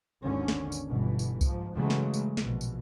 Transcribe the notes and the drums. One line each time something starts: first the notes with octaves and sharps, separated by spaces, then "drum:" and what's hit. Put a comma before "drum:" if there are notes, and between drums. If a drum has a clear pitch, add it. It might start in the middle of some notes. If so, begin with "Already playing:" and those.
G#1 D#2 D3 C#4
drum: snare
drum: tambourine
G1 B2 E3
drum: tambourine
G#2 F3, drum: kick C2, tambourine
C#3 E3 F#3 G#3 A3
drum: snare
drum: tambourine
A#1 B2, drum: snare
drum: tambourine